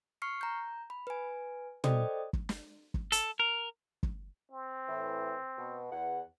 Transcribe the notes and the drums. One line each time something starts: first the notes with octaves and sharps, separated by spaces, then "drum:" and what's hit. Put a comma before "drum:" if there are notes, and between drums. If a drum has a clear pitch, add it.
C#6 F6 C7 C#7
A#5 G6
B5
B4 G#5
A4 C5 D5 D#5 G5 D#6, drum: tom
drum: kick
drum: snare
drum: kick
A4, drum: hi-hat
A#4
drum: kick
C4
A2 E3
B2
E2 F#5